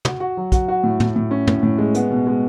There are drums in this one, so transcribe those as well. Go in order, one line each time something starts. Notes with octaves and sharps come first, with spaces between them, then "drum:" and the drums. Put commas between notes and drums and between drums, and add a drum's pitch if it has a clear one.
F#4, drum: tom
F#4
F#3
F#4, drum: kick, hi-hat
F#4
A2
A2, drum: tom
A2
C#4
A2, drum: tom
A2
G#3
B3, drum: hi-hat
B2
G#3